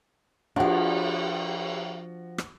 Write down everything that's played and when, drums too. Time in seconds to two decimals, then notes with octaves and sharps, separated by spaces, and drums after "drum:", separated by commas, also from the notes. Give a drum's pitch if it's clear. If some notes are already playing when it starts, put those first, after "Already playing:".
0.56 F3 D4 F#4 F#5, drum: cymbal
2.38 drum: rim click